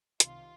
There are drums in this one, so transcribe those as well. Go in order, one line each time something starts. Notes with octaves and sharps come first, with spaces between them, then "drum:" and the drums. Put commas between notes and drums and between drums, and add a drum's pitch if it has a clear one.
C2 C3 D#3 F4, drum: hi-hat